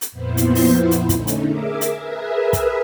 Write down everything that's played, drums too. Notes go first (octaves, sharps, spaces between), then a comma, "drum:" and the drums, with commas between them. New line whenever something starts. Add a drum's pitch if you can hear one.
drum: hi-hat
F2 A#2 B3 E4 C5
drum: hi-hat
drum: open hi-hat
drum: hi-hat
D3 A3 C#4 D#4, drum: kick, hi-hat
drum: hi-hat
G#4 A#4 E5 D6
drum: hi-hat
G#4 A#4 B4 E5
drum: kick, hi-hat